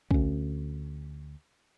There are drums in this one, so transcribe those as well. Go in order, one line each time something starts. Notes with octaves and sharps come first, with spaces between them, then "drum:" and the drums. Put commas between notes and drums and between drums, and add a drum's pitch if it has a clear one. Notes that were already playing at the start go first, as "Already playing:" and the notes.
D2 C#4, drum: kick